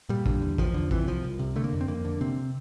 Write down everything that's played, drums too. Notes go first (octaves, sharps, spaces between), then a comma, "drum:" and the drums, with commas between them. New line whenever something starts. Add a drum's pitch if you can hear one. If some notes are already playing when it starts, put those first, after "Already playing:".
A#2 G3
D3, drum: kick
E2
E2 F3, drum: kick
D3
C3 E3, drum: kick
C2 F3
C2
C3
D3 A3
A#3
F2
C4
F2 A#3
D3
C3 C4